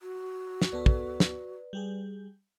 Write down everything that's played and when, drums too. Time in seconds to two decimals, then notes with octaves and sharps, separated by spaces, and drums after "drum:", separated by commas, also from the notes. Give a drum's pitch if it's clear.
0.02 F#4
0.62 drum: snare
0.72 D2 B3 A4 B4 D5
0.86 drum: kick
1.20 drum: snare
1.73 G3 G4 G#4